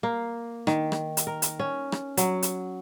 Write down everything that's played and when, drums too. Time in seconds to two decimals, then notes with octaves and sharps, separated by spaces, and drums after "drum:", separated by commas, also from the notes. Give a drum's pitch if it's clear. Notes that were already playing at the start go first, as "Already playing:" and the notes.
0.03 A#3
0.67 D#3, drum: rim click
0.92 drum: rim click
1.17 drum: hi-hat
1.27 A#4
1.42 drum: hi-hat
1.60 C#4
1.92 drum: rim click
2.17 F#3, drum: hi-hat
2.43 drum: hi-hat